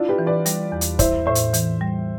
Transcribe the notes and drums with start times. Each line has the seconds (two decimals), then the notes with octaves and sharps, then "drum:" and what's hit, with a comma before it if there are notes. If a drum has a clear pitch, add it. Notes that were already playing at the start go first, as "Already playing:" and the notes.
Already playing: D4 E4 F4
0.08 G4 B4
0.19 E3
0.26 B4 D5
0.46 G3, drum: hi-hat
0.72 E2
0.81 drum: hi-hat
0.99 E4 C5 E5, drum: kick, hi-hat
1.26 A2 C5 E5
1.35 drum: hi-hat
1.54 E3, drum: hi-hat
1.81 G3